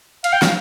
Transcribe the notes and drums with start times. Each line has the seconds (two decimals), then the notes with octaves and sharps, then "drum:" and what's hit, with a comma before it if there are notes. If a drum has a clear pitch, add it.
0.24 F5, drum: cymbal
0.33 G5
0.42 F5, drum: snare